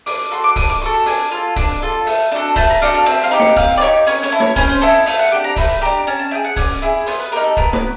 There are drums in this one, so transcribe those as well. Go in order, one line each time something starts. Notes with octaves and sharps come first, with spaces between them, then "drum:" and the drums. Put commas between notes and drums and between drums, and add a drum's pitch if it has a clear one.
D4 D6, drum: open hi-hat
F#4 A4 C6
D6
D4 D#6, drum: kick C#1, open hi-hat
D6
F#4 A4 C#6
A5
D4 G#5, drum: open hi-hat
F4 A4
D4, drum: kick C#1, open hi-hat
F4 A4
A3, drum: open hi-hat
D4 F#4 A4
A3 A5, drum: kick C#1, open hi-hat
A#5
D4 F#4 A4 F5
F5
C4 E5, drum: open hi-hat
F5, drum: hi-hat
D#4 G4
F#5, drum: snare
C4 F5, drum: kick C#1, open hi-hat
D5
D#4 G4 C#5
C#4 C#5, drum: open hi-hat
C#5, drum: hi-hat
E4 A4
C#5, drum: snare
C#4 C5, drum: kick C#1, open hi-hat
C5
E4 A4 D#5
A3 F5, drum: open hi-hat
F#5
D4 G4 G5
A#5
A3 B5, drum: kick C#1, open hi-hat
D4 G4 A#5
C#4 A5
A5
E4 G#4 G5
F#5
C#4 D5, drum: kick C#1, open hi-hat
E4 G#4
B3 C5, drum: open hi-hat
B4
D#4 G4 A#4
A4
B3 A#4, drum: kick C#1
B4, drum: snare